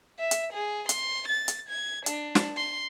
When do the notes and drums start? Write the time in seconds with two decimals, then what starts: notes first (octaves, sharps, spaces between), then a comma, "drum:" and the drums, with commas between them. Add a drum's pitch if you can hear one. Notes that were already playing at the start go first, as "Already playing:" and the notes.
0.19 E5
0.31 drum: hi-hat
0.53 G#4
0.89 C6, drum: hi-hat
1.28 A6
1.48 drum: hi-hat
1.69 G#6
2.06 D4, drum: hi-hat
2.35 drum: snare
2.57 C6